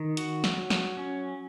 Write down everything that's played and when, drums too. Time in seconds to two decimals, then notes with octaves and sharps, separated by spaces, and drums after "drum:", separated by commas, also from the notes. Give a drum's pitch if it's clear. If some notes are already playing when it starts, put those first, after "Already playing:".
Already playing: D#3
0.17 F#4, drum: hi-hat
0.44 drum: snare
0.57 F#3
0.70 drum: snare
0.97 C#4